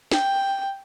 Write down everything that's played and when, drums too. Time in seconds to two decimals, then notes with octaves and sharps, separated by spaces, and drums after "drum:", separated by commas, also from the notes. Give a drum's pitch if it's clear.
0.12 G5, drum: snare